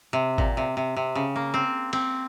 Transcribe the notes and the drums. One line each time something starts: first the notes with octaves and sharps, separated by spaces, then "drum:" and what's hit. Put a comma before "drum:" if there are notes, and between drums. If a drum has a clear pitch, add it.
C3
A#2, drum: kick G#1
C3
C3
C3
C#3
A#3
C4
C4, drum: cymbal